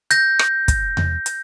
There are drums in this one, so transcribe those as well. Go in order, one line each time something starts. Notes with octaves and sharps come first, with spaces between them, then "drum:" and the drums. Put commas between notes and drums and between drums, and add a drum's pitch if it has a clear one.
G6 A#6, drum: hi-hat
drum: rim click
drum: kick, hi-hat
drum: tom E2
drum: hi-hat